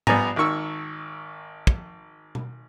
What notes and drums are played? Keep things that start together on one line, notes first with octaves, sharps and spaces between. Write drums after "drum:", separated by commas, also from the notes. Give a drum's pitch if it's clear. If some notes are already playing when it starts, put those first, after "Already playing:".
A#1 G3 B3 D5 G#5 A#5, drum: tom G#2
G#1 D#3 C#6 E6
drum: kick
drum: tom B2